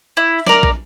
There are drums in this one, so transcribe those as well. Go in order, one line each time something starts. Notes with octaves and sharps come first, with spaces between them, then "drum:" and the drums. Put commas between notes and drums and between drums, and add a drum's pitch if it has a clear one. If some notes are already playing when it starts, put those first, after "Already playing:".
E4
A#4 D5, drum: snare
drum: kick